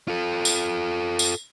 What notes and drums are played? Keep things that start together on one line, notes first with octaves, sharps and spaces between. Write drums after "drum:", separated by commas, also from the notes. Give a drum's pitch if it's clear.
F4 A4
drum: tambourine
drum: tambourine